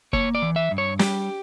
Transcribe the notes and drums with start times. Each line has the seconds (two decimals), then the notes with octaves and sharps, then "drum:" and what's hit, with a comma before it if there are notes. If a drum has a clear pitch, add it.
0.13 A#3 C#5, drum: kick
0.35 D5
0.42 E3
0.56 E5
0.71 G2
0.78 C#5
0.99 G3 G4, drum: snare